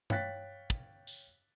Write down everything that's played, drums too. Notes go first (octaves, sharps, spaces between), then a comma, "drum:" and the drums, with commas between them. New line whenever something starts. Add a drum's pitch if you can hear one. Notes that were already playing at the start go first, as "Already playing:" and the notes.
C#5 F5 G5 F#6 A6 B6, drum: tom G2
drum: kick
drum: tambourine